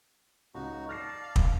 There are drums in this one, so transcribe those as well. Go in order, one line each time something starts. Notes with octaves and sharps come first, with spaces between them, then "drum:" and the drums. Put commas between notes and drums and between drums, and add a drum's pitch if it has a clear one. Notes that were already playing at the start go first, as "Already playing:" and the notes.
C#2 D#4 F#4
D5 A5 F6 A#6 C7
F5
drum: kick